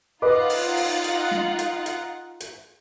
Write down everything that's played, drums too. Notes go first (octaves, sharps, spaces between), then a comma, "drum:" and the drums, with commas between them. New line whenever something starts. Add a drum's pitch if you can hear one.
D#4 F4 B4 D#5 F#5 D6
drum: open hi-hat
drum: open hi-hat
drum: hi-hat
drum: snare
drum: hi-hat
drum: hi-hat
drum: hi-hat